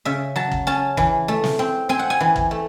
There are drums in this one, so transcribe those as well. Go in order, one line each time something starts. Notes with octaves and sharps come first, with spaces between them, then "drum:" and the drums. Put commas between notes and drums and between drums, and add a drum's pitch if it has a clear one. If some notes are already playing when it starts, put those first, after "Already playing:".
C#3 E5
F#3 A5
drum: kick
C#4 A5
E3, drum: kick
A3
drum: snare
C4
C4 G#5
F#5
G#5
E3
drum: kick
A3